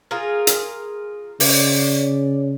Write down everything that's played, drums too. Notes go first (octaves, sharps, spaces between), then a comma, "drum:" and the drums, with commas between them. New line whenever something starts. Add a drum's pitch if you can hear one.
F4 G#4 A#4
drum: hi-hat
C#3 D5, drum: open hi-hat